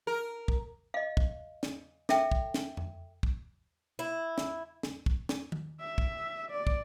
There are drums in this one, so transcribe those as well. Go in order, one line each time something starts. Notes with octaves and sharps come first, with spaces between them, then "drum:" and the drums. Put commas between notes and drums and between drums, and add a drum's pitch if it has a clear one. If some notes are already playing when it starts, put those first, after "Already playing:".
A#4
drum: kick
D#5 F5
drum: kick
drum: snare
A4 E5 G5, drum: snare
drum: kick
drum: snare
drum: tom F2
drum: kick
E4
drum: snare
drum: snare
drum: kick
drum: snare
drum: tom D#3
E5
drum: kick
D5
drum: kick